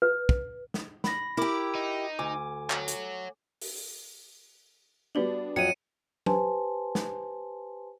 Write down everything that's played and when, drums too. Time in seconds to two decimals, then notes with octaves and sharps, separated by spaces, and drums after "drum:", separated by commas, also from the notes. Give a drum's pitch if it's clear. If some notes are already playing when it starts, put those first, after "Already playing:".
0.02 B4
0.29 drum: kick
0.74 drum: snare
1.04 B5 A#6, drum: snare
1.37 E4 G4 A#4 B5 D6
1.75 D#4
2.19 D2 G#5 D6
2.70 C#5 F#5, drum: clap
2.88 drum: hi-hat
3.61 drum: open hi-hat
5.15 G3 B3 D4 F#4 D5 F#7
5.56 F2 F#3 C#7 D#7
6.26 G4 B4 C5 G#5 A5 C6, drum: tom
6.95 drum: snare